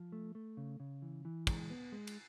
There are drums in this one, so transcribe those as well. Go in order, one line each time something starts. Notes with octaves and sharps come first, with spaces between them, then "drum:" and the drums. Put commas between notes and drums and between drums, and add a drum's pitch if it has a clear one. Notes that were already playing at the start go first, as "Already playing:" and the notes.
Already playing: F3
A3
A3
C#3
C#3
E3
E3
G#3, drum: kick, cymbal
B3
G#3
drum: cymbal